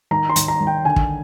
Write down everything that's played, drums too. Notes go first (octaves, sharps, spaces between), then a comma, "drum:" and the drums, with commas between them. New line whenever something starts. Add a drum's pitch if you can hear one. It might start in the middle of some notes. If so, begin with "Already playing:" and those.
D#3 A#5
C6
D#3, drum: hi-hat
A#5
D#3
G5
D3 G#5
drum: kick